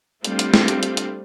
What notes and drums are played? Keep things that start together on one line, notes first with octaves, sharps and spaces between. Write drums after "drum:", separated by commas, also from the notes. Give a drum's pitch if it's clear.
G3 A3 C4 D4 F4, drum: hi-hat
drum: hi-hat
drum: snare
drum: hi-hat
drum: hi-hat
drum: hi-hat